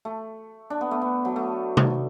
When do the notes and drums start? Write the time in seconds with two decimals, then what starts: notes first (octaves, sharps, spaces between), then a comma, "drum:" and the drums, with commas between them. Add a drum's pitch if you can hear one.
0.05 A3
0.70 D4
0.81 B3
0.91 A3
1.02 B3
1.25 F#3
1.36 A3
1.77 drum: tom C3